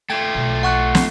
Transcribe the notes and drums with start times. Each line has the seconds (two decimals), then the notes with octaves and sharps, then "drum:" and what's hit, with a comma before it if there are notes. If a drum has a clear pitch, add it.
0.10 A3 F4 G5 G#6
0.35 B1
0.63 F#5 C#6 F#6
0.95 drum: snare